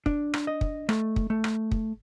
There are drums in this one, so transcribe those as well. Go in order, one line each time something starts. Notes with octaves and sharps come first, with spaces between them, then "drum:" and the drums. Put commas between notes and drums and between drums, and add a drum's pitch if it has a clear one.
D4, drum: kick
drum: rim click
D#5
drum: kick
A3, drum: rim click
drum: kick
A3
drum: rim click
drum: kick